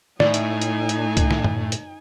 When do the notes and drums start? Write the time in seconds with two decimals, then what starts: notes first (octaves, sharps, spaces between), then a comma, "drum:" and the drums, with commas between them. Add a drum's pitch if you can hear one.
0.20 A2 D#4 D5 G#5, drum: snare
0.34 drum: hi-hat
0.62 drum: hi-hat
0.89 drum: hi-hat
1.17 drum: kick C2, hi-hat
1.31 drum: snare
1.44 drum: tom F#2
1.72 drum: hi-hat